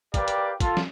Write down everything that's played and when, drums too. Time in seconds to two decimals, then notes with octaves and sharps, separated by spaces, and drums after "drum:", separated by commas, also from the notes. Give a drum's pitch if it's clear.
0.14 G4 A#4 B4 D5 F5 G5, drum: kick, hi-hat
0.28 drum: hi-hat
0.60 F4 A4, drum: kick, hi-hat
0.77 drum: snare